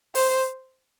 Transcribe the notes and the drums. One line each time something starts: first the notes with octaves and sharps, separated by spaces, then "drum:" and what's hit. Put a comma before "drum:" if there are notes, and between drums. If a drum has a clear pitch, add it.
C5, drum: open hi-hat